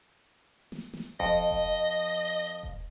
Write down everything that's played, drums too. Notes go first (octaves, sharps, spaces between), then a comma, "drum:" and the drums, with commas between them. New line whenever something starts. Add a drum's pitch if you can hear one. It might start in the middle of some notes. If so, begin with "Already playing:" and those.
drum: snare
drum: snare
F2 D#5, drum: kick E1
drum: kick E1
drum: kick E1